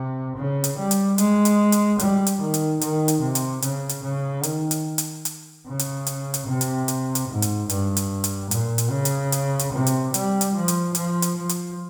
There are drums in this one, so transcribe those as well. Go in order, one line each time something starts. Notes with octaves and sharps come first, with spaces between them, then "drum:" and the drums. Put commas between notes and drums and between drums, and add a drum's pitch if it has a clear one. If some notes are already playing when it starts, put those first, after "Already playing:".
Already playing: C3
C#3
drum: hi-hat
G3
drum: hi-hat
G#3, drum: hi-hat
drum: hi-hat
drum: hi-hat
G3, drum: hi-hat
drum: hi-hat
D#3
drum: hi-hat
D#3, drum: hi-hat
drum: hi-hat
C3
drum: hi-hat
C#3, drum: hi-hat
drum: hi-hat
C#3
D#3, drum: hi-hat
drum: hi-hat
drum: hi-hat
drum: hi-hat
C#3
drum: hi-hat
drum: hi-hat
drum: hi-hat
C3
drum: hi-hat
drum: hi-hat
drum: hi-hat
G#2
drum: hi-hat
G2, drum: hi-hat
drum: hi-hat
drum: hi-hat
A#2, drum: hi-hat
drum: hi-hat
C#3
drum: hi-hat
drum: hi-hat
drum: hi-hat
C3
drum: hi-hat
G3, drum: hi-hat
drum: hi-hat
F3
drum: hi-hat
F3, drum: hi-hat
drum: hi-hat
F3
drum: hi-hat